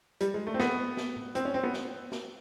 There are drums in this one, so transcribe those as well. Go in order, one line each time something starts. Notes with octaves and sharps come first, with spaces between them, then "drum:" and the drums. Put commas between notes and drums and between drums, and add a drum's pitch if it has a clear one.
G3, drum: hi-hat
G#3
A3
C4
B3, drum: snare
drum: snare
drum: tom A2
C4, drum: hi-hat
C#4
C4
B3
drum: snare
drum: snare